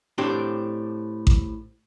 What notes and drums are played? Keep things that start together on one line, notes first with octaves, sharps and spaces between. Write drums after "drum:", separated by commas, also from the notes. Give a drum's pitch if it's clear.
A2 C4 D4 G4
drum: kick A1